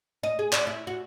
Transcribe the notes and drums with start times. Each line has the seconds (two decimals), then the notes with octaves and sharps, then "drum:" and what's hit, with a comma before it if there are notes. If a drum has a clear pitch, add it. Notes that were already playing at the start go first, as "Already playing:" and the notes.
0.23 D#5
0.39 G#4
0.53 D5, drum: clap
0.67 E4
0.87 F#4